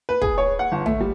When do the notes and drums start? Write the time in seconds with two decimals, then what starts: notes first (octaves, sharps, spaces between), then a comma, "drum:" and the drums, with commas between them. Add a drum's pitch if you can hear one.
0.09 B4
0.22 G#4, drum: kick
0.38 C#5
0.59 F#5
0.72 G1
0.86 A3, drum: tom
1.01 G3